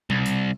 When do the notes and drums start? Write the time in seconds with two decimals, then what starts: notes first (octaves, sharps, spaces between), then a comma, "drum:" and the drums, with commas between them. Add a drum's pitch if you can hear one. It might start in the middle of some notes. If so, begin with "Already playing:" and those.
0.10 C2, drum: tom B2
0.26 drum: hi-hat